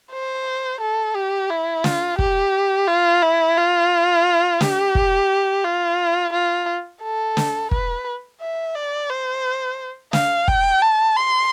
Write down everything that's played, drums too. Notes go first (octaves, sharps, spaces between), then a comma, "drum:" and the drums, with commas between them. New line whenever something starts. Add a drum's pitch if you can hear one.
C5
A4
G4
E4
F4, drum: snare
G4, drum: kick
F4
E4
F4
G4, drum: snare
drum: kick
F4
F4
A4
drum: snare
B4, drum: kick
E5
D5
C5
F5, drum: snare
G5, drum: kick
A5
C6